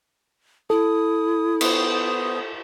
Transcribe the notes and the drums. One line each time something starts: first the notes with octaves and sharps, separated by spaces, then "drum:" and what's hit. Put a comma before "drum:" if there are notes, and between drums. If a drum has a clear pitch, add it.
E4 A4 D#6
B3 C5 D#6, drum: cymbal